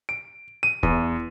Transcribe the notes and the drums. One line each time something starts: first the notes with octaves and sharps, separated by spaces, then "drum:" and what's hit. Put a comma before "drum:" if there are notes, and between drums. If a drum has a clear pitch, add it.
D7
D#7
E2, drum: kick